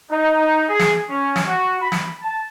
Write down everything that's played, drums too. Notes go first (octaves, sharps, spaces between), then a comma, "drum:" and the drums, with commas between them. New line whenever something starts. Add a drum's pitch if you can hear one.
D#4
G#4
drum: snare
C#4
drum: snare
F#4
B5
drum: snare
A5